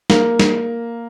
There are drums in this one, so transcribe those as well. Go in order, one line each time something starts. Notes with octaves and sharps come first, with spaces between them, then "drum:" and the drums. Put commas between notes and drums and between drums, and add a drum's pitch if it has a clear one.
A#3, drum: snare
drum: snare